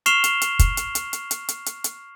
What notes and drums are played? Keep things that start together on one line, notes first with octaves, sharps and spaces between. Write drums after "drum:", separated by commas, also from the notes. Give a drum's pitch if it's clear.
C#6 F6 C7 E7 F7 G7, drum: hi-hat
drum: hi-hat
drum: hi-hat
drum: kick, hi-hat
drum: hi-hat
drum: hi-hat
drum: hi-hat
drum: hi-hat
drum: hi-hat
drum: hi-hat
drum: hi-hat